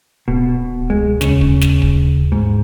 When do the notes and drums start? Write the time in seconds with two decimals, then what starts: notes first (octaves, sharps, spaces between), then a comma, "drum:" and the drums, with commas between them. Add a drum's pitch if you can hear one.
0.28 D1 B2
0.90 C#2 G#3
1.21 D#2 C#3 C#4, drum: snare
1.41 drum: kick
1.61 drum: snare
1.82 drum: kick
2.32 G#2